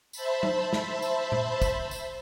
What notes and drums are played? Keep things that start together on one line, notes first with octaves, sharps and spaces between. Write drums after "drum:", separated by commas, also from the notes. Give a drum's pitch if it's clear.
C5 E5 A5 B5, drum: tambourine
drum: tom F#3
drum: snare
drum: tambourine
drum: tom A#2
drum: kick, tambourine
drum: tambourine